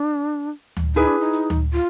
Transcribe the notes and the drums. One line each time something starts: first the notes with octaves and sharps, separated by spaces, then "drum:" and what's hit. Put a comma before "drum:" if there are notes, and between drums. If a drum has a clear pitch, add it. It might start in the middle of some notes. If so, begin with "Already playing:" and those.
Already playing: D4
drum: tom D2
D#4 E4 G#4 B4
D4
D#4
drum: hi-hat
drum: tom D2
F4